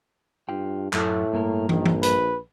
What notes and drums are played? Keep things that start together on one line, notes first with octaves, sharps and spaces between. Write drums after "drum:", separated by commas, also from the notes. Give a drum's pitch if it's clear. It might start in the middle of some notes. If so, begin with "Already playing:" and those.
G2 F4 G5
F#2 A2 A3, drum: clap
G2 A#3 A#4
A#1 D#3, drum: tom
drum: tom
B4, drum: hi-hat